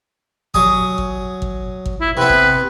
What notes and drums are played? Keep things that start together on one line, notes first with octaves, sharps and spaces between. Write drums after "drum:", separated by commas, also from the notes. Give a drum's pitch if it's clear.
F#3 G#5 D#6, drum: kick
drum: kick
drum: kick
drum: kick
E4
C3 B3 B4
drum: kick